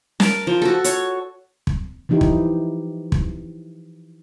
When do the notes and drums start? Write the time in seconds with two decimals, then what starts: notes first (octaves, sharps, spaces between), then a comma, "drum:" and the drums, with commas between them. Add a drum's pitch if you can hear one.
0.20 A#4 A5, drum: snare
0.47 F3
0.62 F#4 A4
0.84 C#5, drum: hi-hat
1.67 drum: kick
2.09 E3 F3 D#4 E4 G4
2.21 drum: kick
3.12 drum: kick